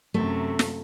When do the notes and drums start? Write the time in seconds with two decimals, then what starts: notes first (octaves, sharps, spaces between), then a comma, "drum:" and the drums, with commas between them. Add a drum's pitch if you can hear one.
0.14 F#2 C3 A3
0.59 drum: snare